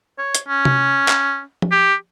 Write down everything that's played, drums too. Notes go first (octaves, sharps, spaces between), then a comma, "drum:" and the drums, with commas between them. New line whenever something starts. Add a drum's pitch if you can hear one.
C#5
drum: hi-hat
C#4
drum: tom C3
drum: clap
drum: tom F3
G4